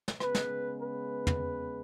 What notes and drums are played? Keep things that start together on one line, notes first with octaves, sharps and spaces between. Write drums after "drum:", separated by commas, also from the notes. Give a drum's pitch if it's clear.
drum: snare
C#3 G#3 B3 B4, drum: rim click
drum: snare
B4
drum: tom